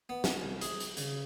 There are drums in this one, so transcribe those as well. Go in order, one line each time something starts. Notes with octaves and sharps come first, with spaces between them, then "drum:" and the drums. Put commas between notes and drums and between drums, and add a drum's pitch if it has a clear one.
B3
drum: snare
C2
G#4, drum: hi-hat
drum: hi-hat
C#3, drum: hi-hat